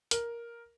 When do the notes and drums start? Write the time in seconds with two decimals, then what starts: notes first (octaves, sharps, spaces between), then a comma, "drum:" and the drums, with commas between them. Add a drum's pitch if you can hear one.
0.11 A#4, drum: hi-hat